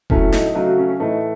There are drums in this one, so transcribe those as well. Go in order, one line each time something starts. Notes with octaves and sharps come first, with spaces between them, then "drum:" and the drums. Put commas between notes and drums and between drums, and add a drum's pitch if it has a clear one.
A2 F#3 A3 C#4, drum: kick F1
D#4, drum: snare
C#3 F#3 A3 D#4
F#4
C#4
C#4
A2 E3 A3 D#4